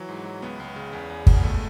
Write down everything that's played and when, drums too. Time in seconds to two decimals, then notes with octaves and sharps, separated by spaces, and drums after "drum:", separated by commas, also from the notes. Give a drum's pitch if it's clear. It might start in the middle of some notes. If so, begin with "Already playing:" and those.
Already playing: E3 F#3
0.09 G#2
0.25 F#3
0.42 C#2 B3
0.60 C#2
0.76 C#3
0.93 E2
1.10 E2
1.27 B2, drum: kick
1.43 C#2 A3